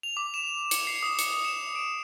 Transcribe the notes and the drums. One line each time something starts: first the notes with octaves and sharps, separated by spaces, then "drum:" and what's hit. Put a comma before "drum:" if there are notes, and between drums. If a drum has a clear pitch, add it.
F7
D6
E7
C#7, drum: hi-hat
C7
D#6
C#7, drum: hi-hat
E7
D7